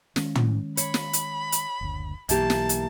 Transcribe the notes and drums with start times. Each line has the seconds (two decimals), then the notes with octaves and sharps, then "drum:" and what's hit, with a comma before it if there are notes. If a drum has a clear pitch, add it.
0.16 D#3 G#3 C#4, drum: snare
0.35 drum: tom
0.77 C#5 B5, drum: hi-hat
0.94 drum: snare
1.13 drum: hi-hat
1.52 drum: hi-hat
1.81 F#1 D2
2.29 B1 E3 A#3 G4 A5, drum: hi-hat
2.50 drum: snare
2.69 drum: hi-hat